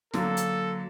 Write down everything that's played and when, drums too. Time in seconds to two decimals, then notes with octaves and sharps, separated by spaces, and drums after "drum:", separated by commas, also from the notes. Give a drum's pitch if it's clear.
0.13 D3 F#3 A#3 A4, drum: snare
0.37 drum: hi-hat